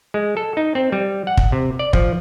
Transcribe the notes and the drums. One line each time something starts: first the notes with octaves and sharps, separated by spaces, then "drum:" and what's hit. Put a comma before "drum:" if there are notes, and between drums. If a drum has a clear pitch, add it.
G#3
A4
D#4
C4
G3
F#5
drum: kick
C3
D5
F3, drum: kick